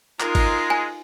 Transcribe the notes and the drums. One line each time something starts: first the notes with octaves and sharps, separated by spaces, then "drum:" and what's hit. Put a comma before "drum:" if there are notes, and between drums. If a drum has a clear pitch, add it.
G#3 D#4 F4 A#4, drum: clap
drum: kick, cymbal
G#5